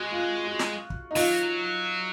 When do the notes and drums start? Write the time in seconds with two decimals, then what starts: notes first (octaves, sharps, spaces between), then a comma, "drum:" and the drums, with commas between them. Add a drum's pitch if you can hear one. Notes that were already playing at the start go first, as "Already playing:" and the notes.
Already playing: G#3 F#4
0.12 F4
0.46 F#4
0.59 drum: snare
0.90 drum: kick
1.11 D#4
1.15 F#3 F4, drum: open hi-hat